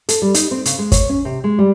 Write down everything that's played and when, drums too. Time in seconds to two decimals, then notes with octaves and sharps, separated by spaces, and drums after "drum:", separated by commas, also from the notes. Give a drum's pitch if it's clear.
0.09 A4, drum: hi-hat
0.22 G3
0.34 D#4, drum: hi-hat
0.51 C4
0.65 C#3, drum: hi-hat
0.79 G#3
0.92 C#5, drum: kick, hi-hat
1.09 C#4
1.25 C3
1.44 G#3
1.59 G3